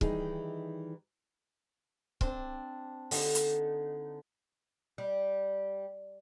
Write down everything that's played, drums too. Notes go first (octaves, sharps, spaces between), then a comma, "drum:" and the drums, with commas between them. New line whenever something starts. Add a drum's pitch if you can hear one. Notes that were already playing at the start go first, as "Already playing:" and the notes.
D#3 E3 G3 D#4 G#4, drum: kick
C4 D4, drum: kick
D3 D#4, drum: open hi-hat
drum: hi-hat
G3